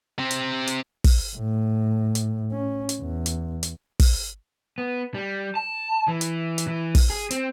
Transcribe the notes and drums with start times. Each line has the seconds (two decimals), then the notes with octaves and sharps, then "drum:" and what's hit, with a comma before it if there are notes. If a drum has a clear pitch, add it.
0.19 C3 C4
0.31 drum: hi-hat
0.67 drum: hi-hat
1.04 drum: kick, open hi-hat
1.37 A2
2.15 drum: hi-hat
2.52 C#4
2.89 drum: hi-hat
3.01 E2
3.26 drum: hi-hat
3.63 drum: hi-hat
4.00 drum: kick, open hi-hat
4.78 B3
5.14 G3
5.55 A5
6.08 E3
6.21 drum: hi-hat
6.58 drum: hi-hat
6.67 E3
6.95 drum: kick, open hi-hat
7.10 G#4
7.31 C4, drum: hi-hat